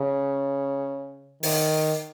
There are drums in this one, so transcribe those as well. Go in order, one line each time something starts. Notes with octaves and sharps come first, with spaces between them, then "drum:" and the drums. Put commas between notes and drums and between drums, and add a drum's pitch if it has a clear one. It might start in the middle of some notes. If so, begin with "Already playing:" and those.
Already playing: C#3
D#3, drum: open hi-hat